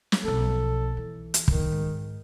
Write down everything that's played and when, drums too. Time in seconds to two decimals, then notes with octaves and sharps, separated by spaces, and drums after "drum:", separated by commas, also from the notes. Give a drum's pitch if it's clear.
0.12 drum: snare
0.24 B1 F3 A4
0.97 E3
1.34 drum: hi-hat
1.48 D#3, drum: kick
1.72 G#2